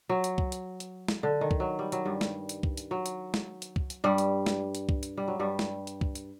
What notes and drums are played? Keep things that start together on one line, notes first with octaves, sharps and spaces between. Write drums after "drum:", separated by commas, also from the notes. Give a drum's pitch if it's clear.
F#3
drum: hi-hat
drum: kick C2
drum: hi-hat
drum: hi-hat
drum: snare
D3
D#3
drum: kick C2
F#3
G3
F#3, drum: hi-hat
G2 G3
drum: snare
drum: hi-hat
drum: kick C2
drum: hi-hat
F#3
drum: hi-hat
drum: snare
drum: hi-hat
drum: kick C2
drum: hi-hat
G2 G3
drum: hi-hat
drum: snare
drum: hi-hat
drum: kick C2
drum: hi-hat
G3
F#3
G2 G3
drum: snare
drum: hi-hat
drum: kick C2
drum: hi-hat